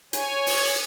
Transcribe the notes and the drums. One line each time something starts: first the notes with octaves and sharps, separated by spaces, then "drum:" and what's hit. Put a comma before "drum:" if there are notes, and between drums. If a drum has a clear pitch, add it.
C#5 G#5, drum: hi-hat
drum: open hi-hat